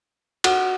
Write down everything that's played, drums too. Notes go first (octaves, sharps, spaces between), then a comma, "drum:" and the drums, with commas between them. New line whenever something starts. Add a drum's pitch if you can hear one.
F#4, drum: cymbal